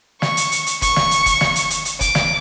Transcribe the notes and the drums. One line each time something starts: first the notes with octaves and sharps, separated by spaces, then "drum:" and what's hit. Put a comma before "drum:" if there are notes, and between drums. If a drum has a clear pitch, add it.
C#6, drum: snare
drum: hi-hat
drum: hi-hat
drum: hi-hat
C#6, drum: kick F#1, hi-hat
drum: snare
drum: hi-hat
drum: kick F#1, hi-hat
drum: snare
drum: hi-hat
drum: hi-hat
drum: hi-hat
D6, drum: kick F#1, hi-hat
drum: snare